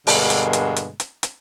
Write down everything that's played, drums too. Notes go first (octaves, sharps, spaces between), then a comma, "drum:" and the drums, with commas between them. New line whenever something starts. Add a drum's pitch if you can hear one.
G2 B2 D3 G#3 A#3, drum: open hi-hat
drum: hi-hat
drum: hi-hat
drum: hi-hat
drum: hi-hat
drum: hi-hat